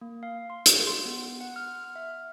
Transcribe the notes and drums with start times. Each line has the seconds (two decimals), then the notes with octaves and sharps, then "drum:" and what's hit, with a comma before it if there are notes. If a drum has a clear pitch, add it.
0.01 A#3
0.23 F5
0.50 C6
0.66 F#4, drum: hi-hat
0.87 C6
1.05 B3
1.41 F#5
1.56 F6
1.84 F6
1.96 E5